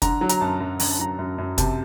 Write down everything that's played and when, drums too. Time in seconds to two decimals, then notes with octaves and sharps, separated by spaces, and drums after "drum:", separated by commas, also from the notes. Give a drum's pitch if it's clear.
0.02 D3 A#5, drum: kick, hi-hat
0.21 F#3
0.29 A#5, drum: hi-hat
0.41 F#2 A5
0.60 F#2
0.80 D3 A#5, drum: open hi-hat
0.91 A5
0.99 F#3 A#5
1.19 F#2
1.38 F#2
1.58 C3 A5, drum: kick, hi-hat